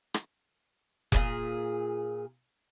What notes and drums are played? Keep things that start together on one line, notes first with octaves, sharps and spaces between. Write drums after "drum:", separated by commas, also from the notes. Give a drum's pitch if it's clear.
drum: rim click
A#2 C#3 G#4, drum: kick F1